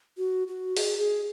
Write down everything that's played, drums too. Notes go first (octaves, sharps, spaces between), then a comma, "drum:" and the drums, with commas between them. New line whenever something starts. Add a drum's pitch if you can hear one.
F#4
F#4
G#4, drum: open hi-hat
G#4